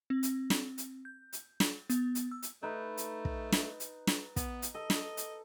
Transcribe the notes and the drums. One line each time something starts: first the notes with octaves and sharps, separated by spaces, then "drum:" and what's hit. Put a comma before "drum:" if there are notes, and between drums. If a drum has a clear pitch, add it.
C4
drum: hi-hat
drum: snare
drum: hi-hat
G6
drum: hi-hat
drum: snare
B3, drum: hi-hat
drum: hi-hat
E6
drum: hi-hat
A3 D#4 B4
drum: hi-hat
drum: kick
drum: snare
drum: hi-hat
drum: snare
B3, drum: kick, hi-hat
drum: hi-hat
A4 D#5
drum: snare
drum: hi-hat